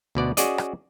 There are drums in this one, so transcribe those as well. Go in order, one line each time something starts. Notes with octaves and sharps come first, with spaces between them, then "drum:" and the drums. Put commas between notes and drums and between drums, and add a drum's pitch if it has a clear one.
D2 B2 D5 F#5
C#4 F#4 G#4 D5 D#5, drum: hi-hat
drum: rim click